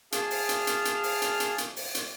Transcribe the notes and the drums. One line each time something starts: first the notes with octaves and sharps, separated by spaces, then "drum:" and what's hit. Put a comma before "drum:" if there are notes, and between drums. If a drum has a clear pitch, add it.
G#4 F5 A5 F6, drum: hi-hat
drum: open hi-hat
drum: hi-hat
drum: hi-hat
drum: hi-hat
drum: open hi-hat
drum: hi-hat
drum: hi-hat
drum: hi-hat
drum: open hi-hat
drum: hi-hat